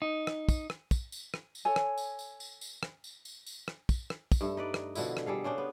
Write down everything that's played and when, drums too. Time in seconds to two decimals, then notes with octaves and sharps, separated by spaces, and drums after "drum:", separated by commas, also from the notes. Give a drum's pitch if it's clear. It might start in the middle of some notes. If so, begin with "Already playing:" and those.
0.02 D#4
0.27 drum: rim click
0.49 drum: kick, tambourine
0.70 drum: rim click
0.91 drum: kick, tambourine
1.12 drum: tambourine
1.34 drum: rim click
1.55 drum: tambourine
1.65 A4 C#5 G#5
1.76 drum: rim click
1.98 drum: tambourine
2.19 drum: tambourine
2.40 drum: tambourine
2.61 drum: tambourine
2.83 drum: rim click
3.04 drum: tambourine
3.25 drum: tambourine
3.46 drum: tambourine
3.68 drum: rim click
3.89 drum: kick, tambourine
4.10 drum: rim click
4.32 drum: kick, tambourine
4.41 G2 A3
4.57 D#4 B4 D5
4.74 drum: rim click
4.95 B2 D3 F3 E4, drum: tambourine
5.17 drum: rim click
5.26 G3 G#4 A4 F5
5.44 C#3 C#4 D4 C5
5.58 B3